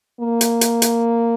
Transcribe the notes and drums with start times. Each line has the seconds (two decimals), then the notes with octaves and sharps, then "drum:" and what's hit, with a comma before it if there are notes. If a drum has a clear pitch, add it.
0.20 A#3
0.41 drum: hi-hat
0.61 drum: hi-hat
0.82 drum: hi-hat